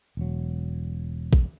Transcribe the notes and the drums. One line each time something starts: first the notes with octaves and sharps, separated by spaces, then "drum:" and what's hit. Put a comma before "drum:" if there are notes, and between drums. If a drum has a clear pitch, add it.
E1 F#3
drum: kick